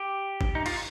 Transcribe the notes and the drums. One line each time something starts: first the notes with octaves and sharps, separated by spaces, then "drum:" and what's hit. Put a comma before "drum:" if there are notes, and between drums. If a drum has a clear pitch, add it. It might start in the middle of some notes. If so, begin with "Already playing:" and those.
Already playing: G4
drum: kick
D#4
F4, drum: cymbal